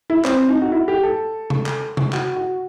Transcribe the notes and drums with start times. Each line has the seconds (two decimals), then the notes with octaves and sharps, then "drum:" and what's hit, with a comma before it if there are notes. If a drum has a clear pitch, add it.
0.10 E4
0.24 C4, drum: clap
0.48 D#4
0.62 F#4
0.72 E4
0.88 G4
1.03 A4
1.50 drum: tom C3
1.66 drum: clap
1.97 drum: tom C3
2.13 F#4, drum: clap
2.36 F#4